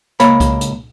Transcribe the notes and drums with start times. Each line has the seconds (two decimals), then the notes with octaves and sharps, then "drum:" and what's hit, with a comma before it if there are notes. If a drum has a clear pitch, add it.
0.20 C#2 A#3 C#5 B5, drum: hi-hat
0.40 drum: kick C2, hi-hat
0.61 drum: hi-hat